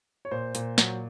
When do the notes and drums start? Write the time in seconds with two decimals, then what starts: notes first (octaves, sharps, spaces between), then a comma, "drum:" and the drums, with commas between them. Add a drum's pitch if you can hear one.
0.25 C#5
0.31 A#2 C5
0.55 A#2, drum: hi-hat
0.78 F#3, drum: snare